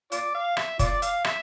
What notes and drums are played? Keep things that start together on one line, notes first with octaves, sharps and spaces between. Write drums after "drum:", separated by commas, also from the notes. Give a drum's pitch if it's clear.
F4 D5, drum: hi-hat
F5
E5, drum: rim click
F4 D5, drum: kick F1, hi-hat
F5, drum: hi-hat
E5, drum: rim click